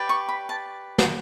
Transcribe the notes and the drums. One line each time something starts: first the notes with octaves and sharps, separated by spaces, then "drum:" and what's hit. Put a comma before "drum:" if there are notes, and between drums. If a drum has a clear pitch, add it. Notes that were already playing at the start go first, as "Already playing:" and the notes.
Already playing: G4 B4 D5
C#6
B5
A5
drum: snare